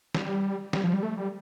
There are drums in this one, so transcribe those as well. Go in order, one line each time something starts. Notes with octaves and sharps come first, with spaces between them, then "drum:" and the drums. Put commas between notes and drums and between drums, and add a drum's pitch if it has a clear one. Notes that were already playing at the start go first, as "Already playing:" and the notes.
G3, drum: snare
G3, drum: snare
F3
G3
A3
G3